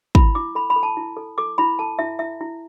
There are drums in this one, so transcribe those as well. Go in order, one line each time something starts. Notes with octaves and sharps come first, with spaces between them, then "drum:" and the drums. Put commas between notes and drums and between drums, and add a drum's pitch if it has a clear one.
E4 B5, drum: kick
E4 D6
A4 B5
B5
A4
A5
E4
A4
A4 D6
E4 B5
A4 A5
E4 E5
E4 E5
E4